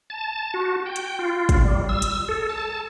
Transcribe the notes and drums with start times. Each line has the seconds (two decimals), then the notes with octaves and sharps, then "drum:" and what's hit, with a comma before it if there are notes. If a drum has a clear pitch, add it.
0.10 A5
0.54 F#4
0.86 G5
0.96 drum: hi-hat
1.19 F4
1.49 drum: kick, hi-hat
1.65 G3
1.89 E6
2.02 drum: hi-hat
2.29 A4
2.49 A5